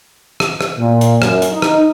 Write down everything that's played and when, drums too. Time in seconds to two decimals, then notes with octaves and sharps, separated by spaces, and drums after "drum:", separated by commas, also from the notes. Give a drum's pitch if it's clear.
0.40 drum: rim click
0.61 drum: rim click
0.78 A#2
1.01 drum: hi-hat
1.22 F#2, drum: rim click
1.42 drum: hi-hat
1.52 D#4
1.62 drum: rim click